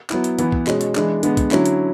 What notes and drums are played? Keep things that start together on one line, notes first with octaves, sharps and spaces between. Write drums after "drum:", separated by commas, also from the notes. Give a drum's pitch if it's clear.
F#3 B3 E4, drum: clap
drum: hi-hat
E3 B3 E4, drum: hi-hat
drum: kick
B2 G#3 C#4, drum: clap
drum: hi-hat
E3 G#3 D4, drum: clap
D3 G#3 B3, drum: hi-hat
drum: kick, hi-hat
D3 F#3 C#4 E4, drum: clap
drum: hi-hat